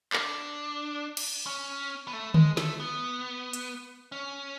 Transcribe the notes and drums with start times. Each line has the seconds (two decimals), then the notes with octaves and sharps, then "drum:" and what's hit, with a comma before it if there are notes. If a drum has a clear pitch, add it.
0.13 D4, drum: clap
1.17 drum: cymbal
1.47 C#4
2.07 B3
2.13 A3
2.34 G#3, drum: tom D3
2.57 A3, drum: snare
2.80 B3
3.53 drum: hi-hat
4.12 C#4